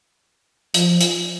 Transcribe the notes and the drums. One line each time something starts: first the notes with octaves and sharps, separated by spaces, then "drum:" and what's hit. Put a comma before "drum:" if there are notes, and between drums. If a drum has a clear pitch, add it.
F3, drum: hi-hat
drum: hi-hat